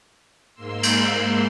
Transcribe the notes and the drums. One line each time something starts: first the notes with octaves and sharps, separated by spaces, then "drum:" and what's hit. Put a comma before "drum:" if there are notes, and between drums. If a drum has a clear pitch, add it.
G#2 A#3 C6 E6
drum: cymbal